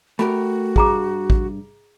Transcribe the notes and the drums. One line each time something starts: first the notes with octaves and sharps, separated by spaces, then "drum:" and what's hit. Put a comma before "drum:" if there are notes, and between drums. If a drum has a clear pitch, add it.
A3 F#4 G4 A#4 B5
G2 G#4 A#5 D6, drum: kick A1
drum: kick A1